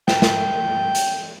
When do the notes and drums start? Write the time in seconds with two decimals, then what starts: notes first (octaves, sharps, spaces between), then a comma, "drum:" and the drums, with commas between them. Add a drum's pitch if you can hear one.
0.08 G5, drum: snare
0.22 drum: snare
0.95 drum: hi-hat